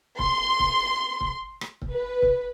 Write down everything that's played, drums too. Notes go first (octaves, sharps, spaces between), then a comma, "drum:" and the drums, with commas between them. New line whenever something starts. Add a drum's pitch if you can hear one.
C6, drum: kick C#1
drum: kick C#1
drum: kick C#1
drum: rim click
drum: kick C#1
B4
drum: kick C#1